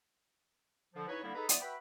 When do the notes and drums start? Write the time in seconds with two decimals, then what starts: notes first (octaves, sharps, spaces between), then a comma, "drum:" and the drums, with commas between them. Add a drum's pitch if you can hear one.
0.95 D3 F3
1.08 C#3 D#4 E4 B4 C#5
1.23 D3 G3 A#3 B3 E4
1.35 D#4 G#4 A4 B4 A#5 B5
1.49 E3 B3 D5 C6 D#6, drum: hi-hat
1.62 F#4 B4 E5 G5 B5